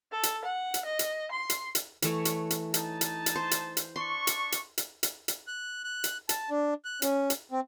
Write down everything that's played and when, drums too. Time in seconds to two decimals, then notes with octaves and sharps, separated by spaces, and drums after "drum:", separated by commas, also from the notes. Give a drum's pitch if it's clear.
0.12 A4
0.23 drum: hi-hat
0.45 F#5
0.74 drum: hi-hat
0.86 D#5
0.99 drum: hi-hat
1.32 C6
1.50 drum: hi-hat
1.75 drum: hi-hat
2.02 E3 A3 C#5, drum: hi-hat
2.25 drum: hi-hat
2.50 drum: hi-hat
2.74 D#4 A5, drum: hi-hat
3.01 drum: hi-hat
3.26 drum: hi-hat
3.35 C5
3.51 drum: hi-hat
3.77 drum: hi-hat
3.96 D4 C6 C#6
4.27 drum: hi-hat
4.52 drum: hi-hat
4.78 drum: hi-hat
5.03 drum: hi-hat
5.28 drum: hi-hat
5.47 F#6
5.84 F#6
6.04 drum: hi-hat
6.29 A5, drum: hi-hat
6.50 D4
6.85 F#6
7.02 C#4, drum: hi-hat
7.30 drum: hi-hat
7.52 C4